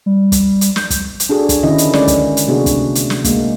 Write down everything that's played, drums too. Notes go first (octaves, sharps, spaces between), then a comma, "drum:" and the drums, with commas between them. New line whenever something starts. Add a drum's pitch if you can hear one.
G3
drum: kick, hi-hat
drum: hi-hat
G6, drum: snare
drum: kick, hi-hat
drum: hi-hat
D4 F#4 G#4 A4
drum: kick, hi-hat
D3 D#3 C#4 E4 D#5
drum: hi-hat
G#3 C#4 D5, drum: snare
drum: kick, hi-hat
drum: hi-hat
C3 A3 B3 D4 F#4 G#4
drum: kick, hi-hat
drum: hi-hat
drum: snare
G#3 A#3, drum: kick, hi-hat